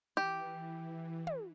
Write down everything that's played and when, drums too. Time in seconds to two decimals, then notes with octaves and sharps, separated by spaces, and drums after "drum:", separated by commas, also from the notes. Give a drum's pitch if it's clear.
0.17 E3 G4
1.27 drum: tom